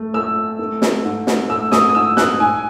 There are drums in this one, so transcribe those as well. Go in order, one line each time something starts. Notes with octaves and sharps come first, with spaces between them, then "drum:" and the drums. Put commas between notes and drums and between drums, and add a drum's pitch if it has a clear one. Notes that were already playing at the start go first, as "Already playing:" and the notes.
Already playing: A3
A3 E6
A3
drum: snare
G#2
drum: snare
A3 E6
D#6, drum: snare
D#6
G#2 E6
F#6, drum: snare
G#2 G#5